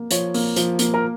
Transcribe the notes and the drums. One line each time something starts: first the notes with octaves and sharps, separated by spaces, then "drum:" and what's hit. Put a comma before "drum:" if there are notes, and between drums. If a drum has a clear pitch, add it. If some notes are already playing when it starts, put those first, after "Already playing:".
Already playing: A#3
F3 C#5, drum: hi-hat
A#3, drum: open hi-hat
F3, drum: hi-hat
A#3, drum: hi-hat
A#4